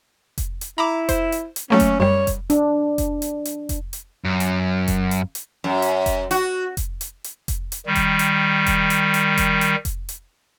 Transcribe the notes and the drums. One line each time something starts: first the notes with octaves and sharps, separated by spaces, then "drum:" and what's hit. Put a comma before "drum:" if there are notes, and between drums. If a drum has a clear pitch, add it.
drum: kick F1, hi-hat
drum: hi-hat
E4 A#5 B5 D6
C5, drum: kick F1, hi-hat
drum: hi-hat
drum: hi-hat
F#3 A3 A#3 C#4
drum: kick F1, hi-hat
F#2 G3 C#5
drum: kick F1, hi-hat
D4, drum: hi-hat
drum: kick F1, hi-hat
drum: hi-hat
drum: hi-hat
drum: kick F1, hi-hat
drum: hi-hat
F#2
drum: hi-hat
drum: kick F1, hi-hat
drum: hi-hat
drum: hi-hat
F#2
drum: hi-hat
drum: kick F1, hi-hat
F#4, drum: hi-hat
drum: kick F1, hi-hat
drum: hi-hat
drum: hi-hat
drum: kick F1, hi-hat
drum: hi-hat
D#3 G3
drum: kick F1, hi-hat
drum: hi-hat
drum: kick F1, hi-hat
drum: hi-hat
drum: hi-hat
drum: kick F1, hi-hat
drum: hi-hat
drum: kick F1, hi-hat
drum: hi-hat